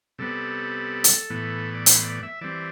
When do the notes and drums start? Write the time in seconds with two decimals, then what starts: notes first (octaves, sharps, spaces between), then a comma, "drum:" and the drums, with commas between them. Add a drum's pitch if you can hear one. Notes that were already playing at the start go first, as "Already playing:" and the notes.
0.18 C3 G3 B3 A4
1.04 drum: hi-hat
1.30 A2 E3 B3
1.75 D5
1.86 C5, drum: hi-hat
2.00 C5
2.04 D5
2.23 E5
2.41 E3 G3 C4 D5